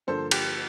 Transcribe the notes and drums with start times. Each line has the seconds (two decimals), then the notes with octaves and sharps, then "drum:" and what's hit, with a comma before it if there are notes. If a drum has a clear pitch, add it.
0.07 G2 D3 F3 A#3 A4 C5
0.31 G4, drum: cymbal